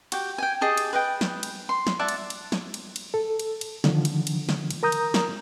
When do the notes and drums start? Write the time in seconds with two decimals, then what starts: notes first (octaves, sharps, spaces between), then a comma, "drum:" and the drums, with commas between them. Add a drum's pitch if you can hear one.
0.12 F#4 G4, drum: cymbal
0.38 G5 G#5
0.61 G4 G#4 D#5 A5
0.77 drum: cymbal
0.93 B4 D#5 G5
1.21 drum: snare
1.43 drum: cymbal
1.69 C6
1.87 drum: snare
1.99 D5 E5 F#5 A5
2.08 drum: cymbal
2.30 drum: cymbal
2.52 drum: snare
2.74 drum: cymbal
2.96 drum: cymbal
3.14 A4
3.39 drum: cymbal
3.61 drum: cymbal
3.84 D3 D#3 F3, drum: snare
4.05 drum: cymbal
4.27 drum: cymbal
4.49 drum: snare
4.70 drum: cymbal
4.83 A#4 A#5 D#6 G6
4.92 drum: cymbal
5.14 drum: snare